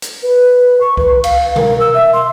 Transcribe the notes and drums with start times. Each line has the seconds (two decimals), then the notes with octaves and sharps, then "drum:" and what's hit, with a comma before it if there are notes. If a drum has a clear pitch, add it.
0.02 drum: hi-hat
0.23 B4
0.81 C#6
0.97 B4, drum: kick C2
1.24 F5, drum: cymbal
1.56 A#4, drum: tom B2
1.80 E6
1.94 E5
2.13 C6